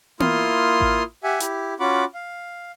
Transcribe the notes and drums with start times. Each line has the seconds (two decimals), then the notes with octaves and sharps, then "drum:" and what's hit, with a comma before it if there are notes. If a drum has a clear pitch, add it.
0.20 A#3 E4 F4 C6 D#6 F6, drum: tom B3
0.81 drum: kick A1
1.24 G4 E5 F#5 G#5
1.40 E4 G4, drum: hi-hat
1.80 C#4 F4 F#4 F#5 B5 D6
2.14 F5